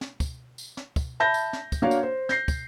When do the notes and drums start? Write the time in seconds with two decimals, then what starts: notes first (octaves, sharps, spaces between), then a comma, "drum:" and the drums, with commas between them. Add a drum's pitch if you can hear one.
0.01 drum: snare
0.20 drum: kick, tambourine
0.58 drum: tambourine
0.77 drum: snare
0.96 drum: kick, tambourine
1.20 E5 A5 B5 G6 A#6
1.34 drum: tambourine
1.53 drum: snare
1.72 drum: kick, tambourine
1.82 A#3 D4 F#4 A#4 C#5 F5
1.91 drum: tambourine
2.03 C5
2.29 G6 A#6 C7, drum: snare
2.48 drum: kick, tambourine